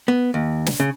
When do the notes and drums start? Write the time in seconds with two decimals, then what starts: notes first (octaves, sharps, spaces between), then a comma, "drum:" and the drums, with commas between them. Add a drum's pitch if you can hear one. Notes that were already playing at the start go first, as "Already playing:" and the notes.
0.08 B3
0.34 D#2
0.66 drum: snare
0.80 C#3